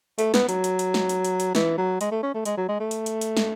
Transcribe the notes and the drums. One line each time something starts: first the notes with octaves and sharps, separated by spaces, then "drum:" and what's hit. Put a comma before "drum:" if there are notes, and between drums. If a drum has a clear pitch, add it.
A3, drum: hi-hat
B3, drum: snare
F#3, drum: hi-hat
drum: hi-hat
drum: hi-hat
drum: snare
drum: hi-hat
drum: hi-hat
drum: hi-hat
E3, drum: snare
F#3
G#3, drum: hi-hat
A3
C#4
A3
G#3, drum: hi-hat
F#3
G#3
A3
drum: hi-hat
drum: hi-hat
drum: hi-hat
drum: snare